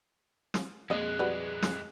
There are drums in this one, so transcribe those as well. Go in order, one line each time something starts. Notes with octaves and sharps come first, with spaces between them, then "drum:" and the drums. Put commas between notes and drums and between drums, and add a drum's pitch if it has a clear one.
drum: snare
F2 G#3 A#3 G#4 D#5 F#6
G3 F#4 B4
drum: snare